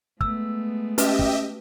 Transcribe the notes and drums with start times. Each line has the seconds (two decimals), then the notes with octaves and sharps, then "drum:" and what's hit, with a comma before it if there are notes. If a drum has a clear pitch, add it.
0.21 G#3 A3 B3 E6, drum: kick
0.98 C#4 F#4 G4 B4 D#5 E5 A5, drum: hi-hat
1.19 drum: kick